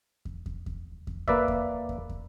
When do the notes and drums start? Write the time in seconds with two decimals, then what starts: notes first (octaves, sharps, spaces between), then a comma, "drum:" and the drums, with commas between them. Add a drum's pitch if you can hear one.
0.25 drum: kick
0.46 drum: kick
0.66 drum: kick
1.07 drum: kick
1.28 A#3 B4 D5 E5, drum: kick
1.48 drum: kick
1.89 drum: kick
2.09 drum: kick